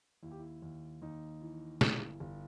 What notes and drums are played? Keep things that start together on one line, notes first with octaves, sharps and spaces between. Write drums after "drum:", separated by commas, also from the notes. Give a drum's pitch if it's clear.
D#2 E4
G4
E4
D#2
D#2 D#4
E3
G1 E4, drum: snare
G1